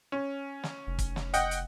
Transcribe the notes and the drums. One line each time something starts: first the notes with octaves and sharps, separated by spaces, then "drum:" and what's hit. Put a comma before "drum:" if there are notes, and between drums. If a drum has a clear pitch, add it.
C#4
drum: snare
F1
drum: kick, hi-hat
drum: snare
D#5 F#5 G5, drum: hi-hat
drum: hi-hat